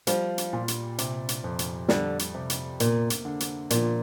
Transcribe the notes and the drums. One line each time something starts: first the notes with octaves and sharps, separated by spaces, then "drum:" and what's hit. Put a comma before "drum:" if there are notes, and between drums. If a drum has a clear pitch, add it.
F3 G3, drum: hi-hat
drum: hi-hat
A#2
drum: hi-hat
C3, drum: hi-hat
drum: hi-hat
F2
drum: hi-hat
D3 G3, drum: snare
drum: hi-hat
C3
drum: hi-hat
A#2 A#3, drum: hi-hat
drum: hi-hat
D3
drum: hi-hat
A#2 F3, drum: hi-hat